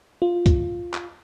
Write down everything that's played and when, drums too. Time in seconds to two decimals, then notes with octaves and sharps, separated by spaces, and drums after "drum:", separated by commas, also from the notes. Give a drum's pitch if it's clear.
0.22 F4
0.46 drum: kick C#2, hi-hat
0.94 drum: clap